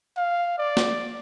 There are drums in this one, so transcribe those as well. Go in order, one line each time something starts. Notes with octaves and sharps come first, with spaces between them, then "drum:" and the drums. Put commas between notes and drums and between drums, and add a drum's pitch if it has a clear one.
F5
D5
drum: snare